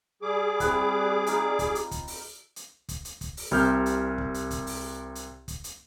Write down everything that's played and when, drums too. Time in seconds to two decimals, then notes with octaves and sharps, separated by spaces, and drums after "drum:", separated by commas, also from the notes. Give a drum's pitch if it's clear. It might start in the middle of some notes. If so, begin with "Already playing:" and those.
0.22 G3 G#4 D6
0.60 C4 E4 F#5, drum: kick, hi-hat
1.27 D#4 F4, drum: hi-hat
1.59 drum: kick, hi-hat
1.75 drum: hi-hat
1.91 drum: kick, hi-hat
2.08 drum: open hi-hat
2.56 drum: hi-hat
2.89 drum: kick, hi-hat
3.05 drum: hi-hat
3.21 drum: kick, hi-hat
3.37 drum: open hi-hat
3.51 C2 C3 F6 G6
3.86 drum: hi-hat
4.18 drum: kick
4.34 drum: hi-hat
4.51 drum: kick, hi-hat
4.67 drum: open hi-hat
5.15 drum: hi-hat
5.48 drum: kick, hi-hat
5.64 drum: hi-hat